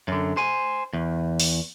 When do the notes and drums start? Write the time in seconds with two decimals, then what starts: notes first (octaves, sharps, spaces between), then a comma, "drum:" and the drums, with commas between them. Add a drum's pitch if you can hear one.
0.08 F#2 D3
0.37 C5 G#5
0.93 E2
1.40 drum: open hi-hat